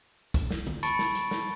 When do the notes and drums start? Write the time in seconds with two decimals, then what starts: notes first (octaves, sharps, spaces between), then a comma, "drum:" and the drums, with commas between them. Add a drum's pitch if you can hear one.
0.34 drum: kick, hi-hat
0.51 drum: snare
0.67 drum: tom D3
0.83 A5 B5 C#6 A6 C#7 D7, drum: hi-hat
0.99 drum: snare
1.15 drum: hi-hat
1.31 drum: snare